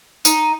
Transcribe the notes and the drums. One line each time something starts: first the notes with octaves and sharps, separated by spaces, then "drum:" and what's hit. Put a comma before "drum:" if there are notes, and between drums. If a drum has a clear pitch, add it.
D#4, drum: tambourine